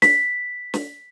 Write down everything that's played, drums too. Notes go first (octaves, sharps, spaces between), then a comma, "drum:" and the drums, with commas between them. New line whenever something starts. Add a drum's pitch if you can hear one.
B6, drum: snare
drum: snare